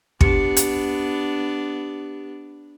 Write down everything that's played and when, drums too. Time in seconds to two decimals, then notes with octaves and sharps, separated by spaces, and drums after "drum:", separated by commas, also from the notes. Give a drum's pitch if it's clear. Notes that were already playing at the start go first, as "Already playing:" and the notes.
0.21 B3 D4 G4 C#7, drum: kick
0.57 drum: hi-hat